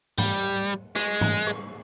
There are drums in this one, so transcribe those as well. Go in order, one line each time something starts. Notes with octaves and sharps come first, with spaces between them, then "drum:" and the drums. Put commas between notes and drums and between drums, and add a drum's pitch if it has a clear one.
G3, drum: tom G#2
G#3, drum: rim click
drum: tom G#2
drum: rim click